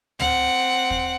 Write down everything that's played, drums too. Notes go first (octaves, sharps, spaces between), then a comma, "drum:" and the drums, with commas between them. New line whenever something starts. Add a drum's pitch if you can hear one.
C4 F#5, drum: tom
drum: kick